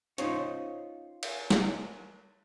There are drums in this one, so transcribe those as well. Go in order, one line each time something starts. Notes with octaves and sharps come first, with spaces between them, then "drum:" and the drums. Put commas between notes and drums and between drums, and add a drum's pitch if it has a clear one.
C#4 D#4 F4 C5 C#5, drum: hi-hat
drum: cymbal
drum: snare